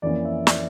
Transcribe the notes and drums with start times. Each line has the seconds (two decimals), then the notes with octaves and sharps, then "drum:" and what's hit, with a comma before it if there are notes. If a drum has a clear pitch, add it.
0.02 F2 E3 A#3 C#4 D5
0.25 E5
0.47 D5, drum: snare